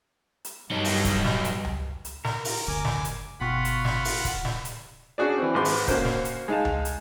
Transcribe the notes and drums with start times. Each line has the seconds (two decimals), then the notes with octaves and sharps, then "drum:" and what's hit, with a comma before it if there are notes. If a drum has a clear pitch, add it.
0.45 drum: hi-hat
0.71 G2 F#3 D#4
0.85 drum: open hi-hat
1.05 drum: kick, hi-hat
1.25 drum: snare
1.45 drum: hi-hat
1.65 drum: tom C#2
2.05 drum: hi-hat
2.25 A#4, drum: snare
2.45 drum: open hi-hat
2.68 F#1 D2 G#5 D6
2.85 drum: snare
3.05 drum: hi-hat
3.40 G1 B2 F4 F#5 B5 C#6
3.65 drum: hi-hat
3.85 drum: snare
4.05 drum: open hi-hat
4.25 drum: kick, hi-hat
4.45 drum: snare
4.65 drum: hi-hat
5.18 C#4 D4 F#4 G#4 D5
5.38 E3 C4
5.54 G#1 G#2 B4 C6 D6
5.65 drum: open hi-hat
5.88 A#3 C#4 F#4 A#4 C5, drum: kick, hi-hat
6.05 drum: snare
6.25 drum: hi-hat
6.48 G#3 D#4 F5 A5
6.65 drum: tom C#2
6.85 drum: hi-hat